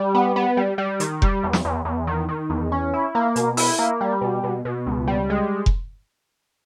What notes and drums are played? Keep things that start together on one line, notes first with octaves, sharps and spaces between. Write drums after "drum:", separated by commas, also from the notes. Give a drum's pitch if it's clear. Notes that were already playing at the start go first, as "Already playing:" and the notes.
Already playing: G3
B3
B3
G3
G3
D#3, drum: hi-hat
G3, drum: kick F1
E2
drum: snare
E2
E2
D#3
D#3
E2
C#4
E4
A#3
B2, drum: hi-hat
E4, drum: open hi-hat
A#3
G3
B2
B2
B2
C#2
G3
G#3
drum: kick F1